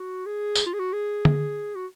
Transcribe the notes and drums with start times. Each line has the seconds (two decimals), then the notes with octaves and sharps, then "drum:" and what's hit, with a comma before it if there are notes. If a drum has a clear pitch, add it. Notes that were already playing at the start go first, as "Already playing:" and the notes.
Already playing: F#4
0.26 G#4
0.55 drum: tambourine
0.66 F4
0.74 G#4
0.79 F#4
0.93 G#4
1.25 drum: tom D3
1.75 F#4